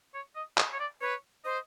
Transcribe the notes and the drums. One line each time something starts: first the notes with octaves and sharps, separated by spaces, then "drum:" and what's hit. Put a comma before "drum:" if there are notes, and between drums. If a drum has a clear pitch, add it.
C#5
D#5
D#5, drum: clap
C#5
D5
B4 C#5
C5 D#5